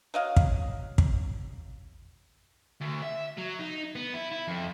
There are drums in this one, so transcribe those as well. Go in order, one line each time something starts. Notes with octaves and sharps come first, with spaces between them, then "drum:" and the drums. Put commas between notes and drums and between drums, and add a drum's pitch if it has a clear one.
F#3 D#5 F5
drum: kick
drum: kick
D2
E5
F#3
D#4
B3
E4
E4
F2